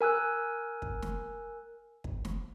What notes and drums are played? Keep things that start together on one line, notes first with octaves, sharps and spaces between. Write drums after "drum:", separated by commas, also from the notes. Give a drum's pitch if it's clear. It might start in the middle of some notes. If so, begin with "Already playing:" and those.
A#4 G#5 E6 F#6
drum: kick
drum: snare
drum: kick
drum: snare